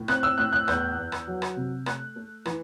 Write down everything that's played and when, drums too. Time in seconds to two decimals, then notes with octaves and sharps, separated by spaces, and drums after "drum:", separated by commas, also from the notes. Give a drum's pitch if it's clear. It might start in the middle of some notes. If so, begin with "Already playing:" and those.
Already playing: A2
0.08 C4 F#6, drum: rim click
0.23 E6
0.38 A2 F#6
0.53 F#6
0.68 E2 G6, drum: rim click
0.97 E2
1.12 drum: rim click
1.27 F#3
1.42 drum: rim click
1.56 C3
1.86 A3 F#6, drum: rim click
2.16 A3
2.45 E3, drum: rim click